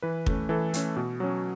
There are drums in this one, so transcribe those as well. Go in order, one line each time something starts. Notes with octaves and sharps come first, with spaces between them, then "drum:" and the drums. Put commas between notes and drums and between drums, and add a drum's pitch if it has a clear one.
E3 B4
A3 C#4, drum: kick
E3 A4
A3 C#4, drum: hi-hat
B2
F#3 C#4